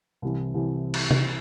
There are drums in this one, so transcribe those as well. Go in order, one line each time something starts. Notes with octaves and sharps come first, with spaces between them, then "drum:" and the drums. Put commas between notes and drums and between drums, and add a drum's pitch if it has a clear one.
C2 C3 E3
C2 C3 E3
drum: cymbal
drum: tom